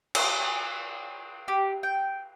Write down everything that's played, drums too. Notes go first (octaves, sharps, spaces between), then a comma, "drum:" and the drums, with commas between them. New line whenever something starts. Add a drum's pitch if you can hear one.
drum: cymbal
G#5
G4
G5